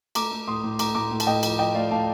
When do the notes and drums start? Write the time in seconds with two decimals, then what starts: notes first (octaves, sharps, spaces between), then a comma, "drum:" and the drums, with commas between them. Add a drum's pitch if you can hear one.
0.15 A3 A#5 D6, drum: cymbal
0.31 A3
0.47 A2 C6 D#6
0.63 A2
0.79 A2 A#5 D6, drum: cymbal
0.95 A2 A#5 D6
1.11 A2
1.20 A5, drum: cymbal
1.27 A2 D#5 G5
1.43 F3, drum: cymbal
1.59 F3 D#5 G5
1.74 A3 D5 F5
1.91 A2 F5 A5